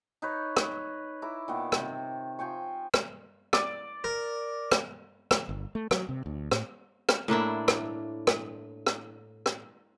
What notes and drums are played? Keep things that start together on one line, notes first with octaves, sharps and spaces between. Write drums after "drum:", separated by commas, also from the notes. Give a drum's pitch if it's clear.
D#4 B4 C#5
drum: rim click
E4 A#5 D6
A#2 D#3 B3
C3, drum: rim click
F3 G5 G#5 C#6
drum: rim click
D5, drum: rim click
A#4
drum: rim click
drum: rim click
G1
A3
F#3, drum: rim click
C3
D2
A2, drum: rim click
drum: rim click
A2 A#3 D4 E4
drum: rim click
drum: rim click
drum: rim click
drum: rim click